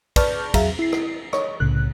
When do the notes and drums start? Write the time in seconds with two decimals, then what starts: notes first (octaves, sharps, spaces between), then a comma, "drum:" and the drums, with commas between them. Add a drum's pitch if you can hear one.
0.16 B4 D5 A5 C#6 F6 G6, drum: kick, cymbal
0.54 E2 F#3 G#4 E5 F5 A#5, drum: kick, cymbal
0.79 E4 C7
0.92 drum: rim click
1.33 C#5 D#5 C#6, drum: rim click
1.60 C2 A2 C#3 F#6